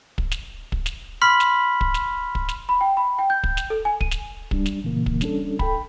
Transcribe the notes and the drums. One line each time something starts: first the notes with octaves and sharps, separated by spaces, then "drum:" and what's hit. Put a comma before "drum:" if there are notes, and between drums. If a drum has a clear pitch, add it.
drum: kick
drum: snare
drum: kick
drum: snare
B5 C6 F6 B6 F#7
drum: snare
drum: kick
drum: snare
drum: kick
drum: snare
B5
G5
B5
G5
G6
drum: kick
drum: snare
A4
G#5
D#7, drum: kick
drum: snare
G3 D4, drum: kick
drum: snare
A#2 C#3 E3 A#3
drum: kick
G3 C#4 D4 A4, drum: snare
A4 G5 B5, drum: kick